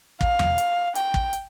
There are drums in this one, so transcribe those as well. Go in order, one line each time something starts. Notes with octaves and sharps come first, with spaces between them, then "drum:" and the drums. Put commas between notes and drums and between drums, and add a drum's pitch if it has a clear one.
F5, drum: kick
drum: tom E2
drum: hi-hat
G5, drum: hi-hat
drum: kick
drum: hi-hat